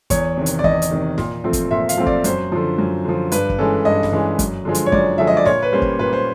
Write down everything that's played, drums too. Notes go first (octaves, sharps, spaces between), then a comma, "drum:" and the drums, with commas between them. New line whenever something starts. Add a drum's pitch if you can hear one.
E2 C#5, drum: kick, hi-hat
C3 D#3
drum: hi-hat
D5
E2 D#5, drum: kick
drum: hi-hat
C3 D#3
A#2, drum: snare
F3 A3 C4
drum: kick, hi-hat
A#2 E5
F5, drum: hi-hat
F3 A3 C4
D5, drum: kick
F#2 C5, drum: hi-hat
D3 F3
F#2
D3 F3
G2 B4, drum: hi-hat
drum: kick
E3 G#3 C#4 A4
G2 D#5
drum: snare
E3 G#3 C#4
F#2, drum: kick, hi-hat
D3 F3 G#3
drum: hi-hat
C#5
F#2 D5, drum: kick
D3 F3 G#3 E5
D#5
D5
A#2 C#5, drum: snare
B4
G3 A#3 C#4 C5
drum: kick
A#2 B4
C5